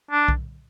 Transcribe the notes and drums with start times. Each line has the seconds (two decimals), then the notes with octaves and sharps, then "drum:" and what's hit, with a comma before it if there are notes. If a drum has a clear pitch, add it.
0.11 D4
0.28 drum: kick B1